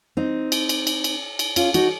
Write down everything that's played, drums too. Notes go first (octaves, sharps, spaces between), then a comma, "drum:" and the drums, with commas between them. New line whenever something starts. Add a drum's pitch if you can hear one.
C4 D#4
drum: cymbal
drum: cymbal
drum: cymbal
drum: cymbal
drum: cymbal
C#4 F4, drum: cymbal
D#4 F#4, drum: cymbal